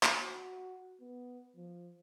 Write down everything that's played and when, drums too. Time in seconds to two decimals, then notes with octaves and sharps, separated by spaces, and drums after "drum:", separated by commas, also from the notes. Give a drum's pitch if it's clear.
0.03 drum: clap
0.18 F#4
1.01 B3
1.56 F3